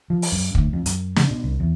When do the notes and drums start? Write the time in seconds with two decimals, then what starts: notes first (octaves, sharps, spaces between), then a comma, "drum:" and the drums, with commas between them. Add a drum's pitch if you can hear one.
0.10 F3
0.22 drum: open hi-hat
0.32 F#2
0.55 D2, drum: kick
0.73 F2
0.86 F#2, drum: hi-hat
1.16 C#3, drum: snare
1.30 B2
1.44 C2
1.60 E2